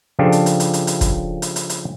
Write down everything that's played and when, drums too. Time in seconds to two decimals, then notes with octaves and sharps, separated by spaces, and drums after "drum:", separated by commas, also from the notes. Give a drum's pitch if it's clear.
0.19 C#3 F3 D4 F4 G4 A4
0.32 drum: hi-hat
0.46 drum: hi-hat
0.60 drum: hi-hat
0.74 drum: hi-hat
0.87 drum: hi-hat
1.01 drum: kick, hi-hat
1.42 drum: hi-hat
1.56 drum: hi-hat
1.70 drum: hi-hat